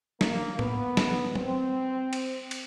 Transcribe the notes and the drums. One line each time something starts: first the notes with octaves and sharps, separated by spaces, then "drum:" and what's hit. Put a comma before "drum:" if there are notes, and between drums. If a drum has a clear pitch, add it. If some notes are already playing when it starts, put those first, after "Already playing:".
A#3, drum: snare
B3, drum: tom
drum: snare
C4, drum: tom
drum: cymbal
drum: cymbal